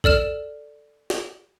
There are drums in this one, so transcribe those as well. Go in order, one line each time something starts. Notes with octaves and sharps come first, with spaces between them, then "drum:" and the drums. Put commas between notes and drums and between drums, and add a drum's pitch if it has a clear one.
A4 D5 F6 E7, drum: kick
drum: snare